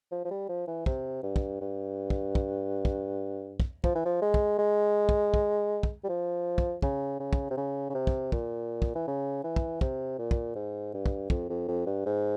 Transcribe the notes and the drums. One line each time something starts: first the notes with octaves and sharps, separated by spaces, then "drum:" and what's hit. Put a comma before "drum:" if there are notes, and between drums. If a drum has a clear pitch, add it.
F3
F3
G3
F3
E3
C3, drum: kick
G2
drum: kick
G2
drum: kick
drum: kick
drum: kick
drum: kick
F3, drum: kick
E3
F3
G#3
drum: kick
G#3
drum: kick
drum: kick
drum: kick
G3
F3
drum: kick
C#3, drum: kick
C#3
drum: kick
C3
C#3
C#3
C3
drum: kick
A#2, drum: kick
drum: kick
E3
C#3
E3
drum: kick
C3, drum: kick
A#2
drum: kick
G#2
G2
drum: kick
F2, drum: kick
F2
F2
G2
G#2